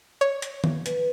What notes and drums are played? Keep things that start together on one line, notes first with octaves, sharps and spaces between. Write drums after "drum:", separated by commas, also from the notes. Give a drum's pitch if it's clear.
C#5
drum: hi-hat
drum: tom D#3
B4, drum: hi-hat